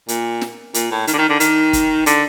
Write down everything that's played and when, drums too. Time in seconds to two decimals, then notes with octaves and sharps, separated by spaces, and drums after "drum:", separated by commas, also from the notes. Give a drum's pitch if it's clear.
0.08 A#2, drum: hi-hat
0.41 drum: snare
0.74 A#2, drum: hi-hat
0.91 A2
1.07 D#3, drum: hi-hat
1.13 D3
1.18 D#3
1.29 D3
1.40 D#3, drum: hi-hat
1.73 drum: kick, hi-hat
2.06 D3, drum: hi-hat